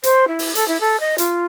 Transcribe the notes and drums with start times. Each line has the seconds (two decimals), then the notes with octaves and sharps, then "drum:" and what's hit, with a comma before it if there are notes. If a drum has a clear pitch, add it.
0.04 C5, drum: hi-hat
0.28 E4
0.39 drum: open hi-hat
0.55 A4, drum: hi-hat
0.68 E4
0.80 A4
1.00 D#5
1.18 F4, drum: hi-hat